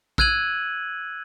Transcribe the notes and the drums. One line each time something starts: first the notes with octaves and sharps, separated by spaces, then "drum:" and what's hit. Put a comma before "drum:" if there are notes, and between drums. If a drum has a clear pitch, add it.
E6 F#6 G#6 D#7 F#7, drum: kick A#1